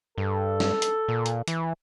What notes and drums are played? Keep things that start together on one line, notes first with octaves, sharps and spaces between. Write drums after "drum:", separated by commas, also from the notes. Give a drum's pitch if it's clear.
G2 A4
drum: snare
drum: hi-hat
A#2
drum: hi-hat
E3, drum: hi-hat